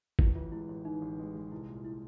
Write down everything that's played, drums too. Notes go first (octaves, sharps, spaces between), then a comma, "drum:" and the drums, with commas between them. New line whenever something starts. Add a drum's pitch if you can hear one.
A1 E4, drum: kick A1
E3 F4
G#3 E4
A1 E4
E3 D#4
A1
G#3
G#3
C2 E4
A#2
E4